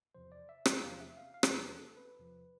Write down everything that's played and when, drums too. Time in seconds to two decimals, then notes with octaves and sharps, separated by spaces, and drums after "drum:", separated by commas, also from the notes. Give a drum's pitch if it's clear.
0.15 E2 C3 F3 C5
0.32 D5
0.49 E5
0.66 G5, drum: rim click
0.83 E2 C3 F3 F5
1.00 E5
1.17 F5
1.34 F5
1.43 C5, drum: rim click
1.51 E2 C3 F3 B4
1.74 A4
1.91 A4
1.97 B4
2.20 E2 C3 F3